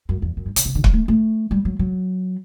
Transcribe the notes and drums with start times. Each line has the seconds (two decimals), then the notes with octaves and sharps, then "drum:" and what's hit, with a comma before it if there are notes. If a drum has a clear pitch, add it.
0.09 F#2
0.22 E2
0.37 F#2
0.46 G2
0.56 B2, drum: hi-hat
0.65 C3
0.75 D3
0.84 F#3, drum: kick
0.93 A3
1.08 A3
1.51 G3
1.65 F#3
1.79 F#3